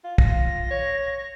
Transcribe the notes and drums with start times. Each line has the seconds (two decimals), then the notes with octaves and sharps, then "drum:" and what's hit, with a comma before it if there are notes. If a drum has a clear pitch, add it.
0.04 F4
0.18 F4 A#6, drum: kick
0.70 C#5